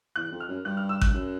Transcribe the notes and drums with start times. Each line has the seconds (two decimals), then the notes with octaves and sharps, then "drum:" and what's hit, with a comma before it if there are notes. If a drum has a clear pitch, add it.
0.16 E2 F#6
0.32 F2
0.40 F6
0.48 F#2
0.65 G2 F#6
0.77 F6
0.89 E6
1.01 F#6, drum: kick G#1
1.06 G2
1.14 F#2